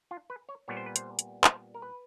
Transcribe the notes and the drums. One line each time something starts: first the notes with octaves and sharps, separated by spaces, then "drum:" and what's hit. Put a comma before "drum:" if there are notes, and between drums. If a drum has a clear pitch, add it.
F4
B4
C#5
A#2 G3 B3 C#5
C5
B4
C5, drum: hi-hat
drum: hi-hat
C5, drum: clap
A#4
B4